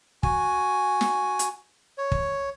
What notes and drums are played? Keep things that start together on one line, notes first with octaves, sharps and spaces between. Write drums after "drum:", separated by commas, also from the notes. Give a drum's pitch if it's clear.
F#4 G#5, drum: kick
drum: snare
drum: hi-hat
C#5
drum: kick